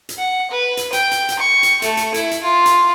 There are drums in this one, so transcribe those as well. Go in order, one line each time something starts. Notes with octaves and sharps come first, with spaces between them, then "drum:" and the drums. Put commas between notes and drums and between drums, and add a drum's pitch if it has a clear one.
drum: hi-hat
F#5
B4
drum: hi-hat
G5, drum: hi-hat
drum: hi-hat
drum: hi-hat
C#6
drum: hi-hat
A3, drum: hi-hat
drum: hi-hat
E4, drum: hi-hat
drum: hi-hat
F4
drum: hi-hat